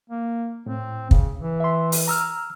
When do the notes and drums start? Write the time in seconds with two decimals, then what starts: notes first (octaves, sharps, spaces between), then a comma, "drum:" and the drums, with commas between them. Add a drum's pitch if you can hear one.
0.10 A#3
0.66 A2 C4
1.11 C#3, drum: kick
1.40 E3
1.60 E5 C6
1.92 drum: open hi-hat
2.08 A#5 E6 F6